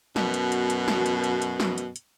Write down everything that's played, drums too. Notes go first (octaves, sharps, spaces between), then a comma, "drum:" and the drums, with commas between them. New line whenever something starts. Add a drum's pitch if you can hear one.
F#2 B2, drum: snare
drum: hi-hat
drum: hi-hat
drum: hi-hat
drum: snare
drum: hi-hat
drum: hi-hat
drum: hi-hat
drum: snare
drum: hi-hat
drum: hi-hat